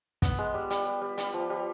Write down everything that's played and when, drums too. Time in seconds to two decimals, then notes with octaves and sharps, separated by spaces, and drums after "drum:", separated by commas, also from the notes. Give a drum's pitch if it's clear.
0.22 B3, drum: kick, hi-hat
0.39 G#3
0.54 G3
0.70 G3, drum: hi-hat
0.86 G3
1.02 G3
1.18 G3, drum: hi-hat
1.34 F3
1.50 G3